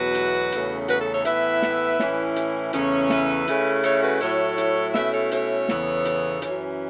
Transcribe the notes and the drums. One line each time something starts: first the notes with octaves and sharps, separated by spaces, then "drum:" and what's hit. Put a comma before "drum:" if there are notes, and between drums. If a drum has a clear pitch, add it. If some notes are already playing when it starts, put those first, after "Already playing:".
Already playing: E2 B2 F#3 A3 F#4 B4
drum: hi-hat
E2 C#3 A3 C#4, drum: hi-hat
F#4 B4, drum: hi-hat
A4
A4 C#5
A2 E3 B3 E4 B4 E5, drum: hi-hat
drum: snare
A2 E3 C#4 E4, drum: snare
drum: hi-hat
E2 C#3 E3 A3 C#4, drum: hi-hat
B4 E5, drum: snare
C#3 A3 C#4 E4, drum: hi-hat
A4 C#5, drum: hi-hat
F#4 B4
A2 F#3 A3 E4 A4 C#5, drum: hi-hat
drum: hi-hat
B2 A3 C#4 E4 B4 E5, drum: snare
A4 C#5
A4 C#5, drum: hi-hat
E2 C#3 E3 B3, drum: snare
drum: hi-hat
F#2 E3 C#4, drum: hi-hat